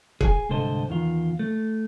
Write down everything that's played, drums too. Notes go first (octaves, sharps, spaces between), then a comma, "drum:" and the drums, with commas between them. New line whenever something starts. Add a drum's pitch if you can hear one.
G#4 G#5, drum: kick
C2 G#2 D3 A4 C5 D#5
E2 D#3 F4
A3